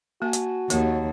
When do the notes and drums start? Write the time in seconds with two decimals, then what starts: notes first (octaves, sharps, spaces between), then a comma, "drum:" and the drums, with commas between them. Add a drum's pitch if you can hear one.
0.22 A#3 F#4 G#5 A5
0.33 drum: hi-hat
0.70 D#2 A#3 G4 C#5 F#5 A5, drum: hi-hat